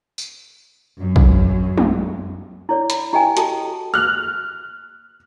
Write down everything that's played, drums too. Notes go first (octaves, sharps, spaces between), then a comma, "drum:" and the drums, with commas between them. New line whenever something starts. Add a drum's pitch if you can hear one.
drum: tambourine
F#2
drum: kick
drum: tom
E4 C#5 D5
B5, drum: hi-hat
E4 G4 D#5 G5 G#5
F#4 G4 A4 A5, drum: hi-hat
F6 F#6